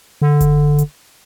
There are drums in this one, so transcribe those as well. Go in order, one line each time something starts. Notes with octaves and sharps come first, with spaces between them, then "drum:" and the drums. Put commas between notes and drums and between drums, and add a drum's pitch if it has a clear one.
D3
drum: kick F1, hi-hat
drum: hi-hat